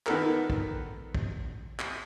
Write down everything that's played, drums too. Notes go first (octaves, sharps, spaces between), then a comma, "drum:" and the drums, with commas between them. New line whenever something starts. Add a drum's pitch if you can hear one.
D#3 B3 A4 A#4, drum: clap
drum: kick
drum: kick
drum: clap